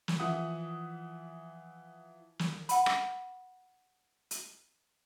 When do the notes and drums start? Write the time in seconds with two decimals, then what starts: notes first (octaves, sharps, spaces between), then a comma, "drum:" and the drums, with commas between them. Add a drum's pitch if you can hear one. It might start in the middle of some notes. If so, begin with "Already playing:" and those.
0.08 drum: snare
0.20 E3 F3 E5 F#5 D#6
2.39 drum: snare
2.69 F#5 B5, drum: hi-hat
2.86 drum: rim click
4.31 drum: hi-hat